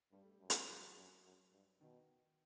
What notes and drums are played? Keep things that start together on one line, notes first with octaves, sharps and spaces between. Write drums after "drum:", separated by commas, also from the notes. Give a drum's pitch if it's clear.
G2 G3
A3
G3
F#2
F#3, drum: hi-hat
E2 F#3
F#2
F#2
G2
B2 D#3